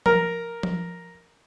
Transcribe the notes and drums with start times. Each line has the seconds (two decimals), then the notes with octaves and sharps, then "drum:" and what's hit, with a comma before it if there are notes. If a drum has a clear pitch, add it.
0.06 A#4, drum: tom F3
0.63 drum: tom F3